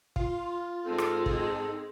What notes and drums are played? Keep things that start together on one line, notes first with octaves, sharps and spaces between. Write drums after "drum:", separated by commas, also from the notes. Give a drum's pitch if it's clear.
F4, drum: kick
G#2 G#3 C4 A4
drum: rim click
drum: kick